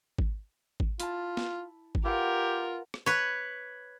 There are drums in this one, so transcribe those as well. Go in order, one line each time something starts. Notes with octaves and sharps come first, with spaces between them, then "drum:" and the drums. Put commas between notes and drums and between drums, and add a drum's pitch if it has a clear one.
drum: kick G#1
drum: kick G#1
E4 F4 A5, drum: hi-hat
drum: snare
drum: kick G#1
F4 G4 A#4 B4 F5 F#5
drum: rim click
B4 C#5